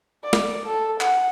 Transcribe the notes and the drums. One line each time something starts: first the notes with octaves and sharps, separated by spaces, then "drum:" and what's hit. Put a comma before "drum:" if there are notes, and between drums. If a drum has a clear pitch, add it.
D5
drum: snare
A4
F#5, drum: clap